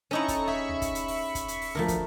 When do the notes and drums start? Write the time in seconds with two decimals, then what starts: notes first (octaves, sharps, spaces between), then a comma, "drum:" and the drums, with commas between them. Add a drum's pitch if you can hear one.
0.11 C#4 D#4 E4 A4 A#5 C#6
0.28 drum: kick, hi-hat
0.48 G#4 E5 B5 C#6
0.68 drum: tom
0.82 drum: kick, hi-hat
0.95 drum: hi-hat
1.08 drum: open hi-hat
1.35 drum: kick, hi-hat
1.48 drum: hi-hat
1.62 drum: open hi-hat
1.75 D2 F3 A3 A#3 A#4
1.88 drum: kick, hi-hat